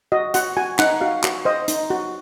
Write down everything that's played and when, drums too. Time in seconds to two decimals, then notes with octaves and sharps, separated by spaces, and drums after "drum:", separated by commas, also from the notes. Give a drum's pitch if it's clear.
0.12 F#4 D#5
0.34 F#4 F#5, drum: hi-hat
0.57 F#4 G#5
0.79 D#4 F#5, drum: clap
1.01 F#4 F5
1.24 F#4, drum: clap
1.45 C5 D#5
1.68 D#4, drum: hi-hat
1.90 F#4